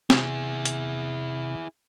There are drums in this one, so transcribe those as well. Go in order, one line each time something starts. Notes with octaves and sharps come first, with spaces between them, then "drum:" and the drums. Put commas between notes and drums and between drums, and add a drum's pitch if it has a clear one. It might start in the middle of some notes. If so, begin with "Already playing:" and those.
C3 E4 G#4, drum: snare
drum: hi-hat